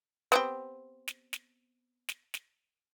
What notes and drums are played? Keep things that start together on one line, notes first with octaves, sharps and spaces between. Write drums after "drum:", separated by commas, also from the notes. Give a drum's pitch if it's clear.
B3 C4 G4, drum: snare
drum: snare
drum: snare
drum: snare
drum: snare